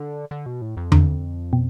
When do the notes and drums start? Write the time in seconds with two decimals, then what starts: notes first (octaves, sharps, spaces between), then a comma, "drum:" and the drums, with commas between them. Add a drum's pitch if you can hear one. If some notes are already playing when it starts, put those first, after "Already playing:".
Already playing: D3
0.31 D3
0.46 B2
0.61 A2
0.77 F2
0.92 D3, drum: tom E2
1.53 B2